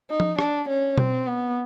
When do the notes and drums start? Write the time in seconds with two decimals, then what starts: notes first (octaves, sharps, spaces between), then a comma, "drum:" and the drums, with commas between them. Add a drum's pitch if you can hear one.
0.10 D#4
0.20 drum: tom F3
0.39 D4, drum: rim click
0.69 C#4
0.98 C4, drum: tom B2
1.27 B3